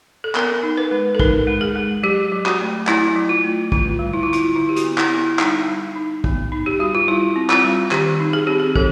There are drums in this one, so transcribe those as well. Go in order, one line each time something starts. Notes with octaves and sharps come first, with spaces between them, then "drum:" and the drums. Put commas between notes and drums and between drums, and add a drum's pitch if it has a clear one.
A4
B3 A#4, drum: clap
D#4
B4
G#3
A4
D#4 A#4, drum: kick
G#3
G#4
G#3
F#3 G4
F#3
F#4, drum: clap
A3
F#3 E4, drum: clap
F#3
F4
A3
D3 F4, drum: kick
G3
E4
D3 F4
E4, drum: hi-hat
D3 E4
G4
F#4, drum: hi-hat
B3
E4, drum: clap
B3
E4
G3 D#4, drum: clap
G3
D#4
B3, drum: kick
D#4
G4
G3 F#4
F4
G3 E4
C4
F4, drum: clap
G3
D#3 G4, drum: clap
D#4
G#4
C4 G4
G#4
F3 A4, drum: kick